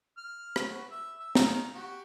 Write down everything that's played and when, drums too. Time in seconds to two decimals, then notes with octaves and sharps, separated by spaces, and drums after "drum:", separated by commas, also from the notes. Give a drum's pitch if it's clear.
0.18 F6
0.56 drum: rim click
0.71 F#4 B4
0.91 E5
1.20 E5
1.35 D#3 A#5, drum: snare
1.75 F#4 G4